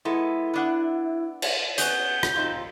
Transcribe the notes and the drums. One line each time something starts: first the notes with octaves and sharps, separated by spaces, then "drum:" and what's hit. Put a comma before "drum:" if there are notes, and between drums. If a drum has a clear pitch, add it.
G#3 B3 E4 A4
B3 D4 F#5
drum: cymbal
B3 C#4 G6, drum: hi-hat
drum: rim click
C4 D#4 F4